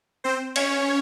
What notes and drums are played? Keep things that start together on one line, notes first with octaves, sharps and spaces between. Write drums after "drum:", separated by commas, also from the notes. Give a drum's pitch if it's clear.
C4 C5
C#4 C#5, drum: cymbal